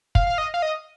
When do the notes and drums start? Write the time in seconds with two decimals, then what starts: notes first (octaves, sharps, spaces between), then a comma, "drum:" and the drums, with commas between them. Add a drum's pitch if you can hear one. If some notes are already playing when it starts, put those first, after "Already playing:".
0.15 F5, drum: kick
0.27 F5
0.38 D#5
0.54 F5
0.62 D#5